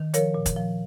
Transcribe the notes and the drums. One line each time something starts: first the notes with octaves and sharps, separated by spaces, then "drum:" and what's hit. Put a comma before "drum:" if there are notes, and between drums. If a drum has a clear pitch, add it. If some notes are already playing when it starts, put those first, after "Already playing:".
Already playing: D#3
F3 A#4 C#5, drum: hi-hat
A#2
drum: kick, hi-hat
F3